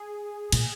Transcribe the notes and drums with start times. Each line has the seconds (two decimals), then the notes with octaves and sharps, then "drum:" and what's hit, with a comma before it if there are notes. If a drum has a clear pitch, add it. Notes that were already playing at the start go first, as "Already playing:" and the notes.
Already playing: G#4
0.52 A#2, drum: cymbal